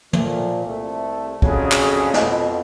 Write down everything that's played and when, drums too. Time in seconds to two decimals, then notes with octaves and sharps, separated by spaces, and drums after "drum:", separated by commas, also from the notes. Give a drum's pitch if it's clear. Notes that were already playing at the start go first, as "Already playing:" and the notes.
0.13 A#2 F3 A3, drum: tom
0.66 C2 A3
1.42 A#1 F2 C#3 F#3 A3 G#4, drum: kick
1.72 drum: clap
2.14 F2 B2, drum: snare